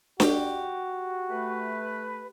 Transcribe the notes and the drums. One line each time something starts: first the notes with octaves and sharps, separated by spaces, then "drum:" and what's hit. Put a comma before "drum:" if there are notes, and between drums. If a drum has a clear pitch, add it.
F#4 G4, drum: snare D4
A3 B4